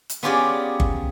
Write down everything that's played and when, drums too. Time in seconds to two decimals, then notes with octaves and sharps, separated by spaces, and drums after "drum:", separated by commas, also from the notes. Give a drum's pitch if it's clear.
0.10 drum: hi-hat
0.23 B3 C#4 F4 G4 G#4 D5
0.80 drum: kick G1